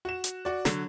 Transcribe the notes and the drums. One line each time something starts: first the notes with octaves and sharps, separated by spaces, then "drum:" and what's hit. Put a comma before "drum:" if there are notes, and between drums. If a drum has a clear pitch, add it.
F#4 E7
drum: hi-hat
F#4 D5
D3 F#3, drum: snare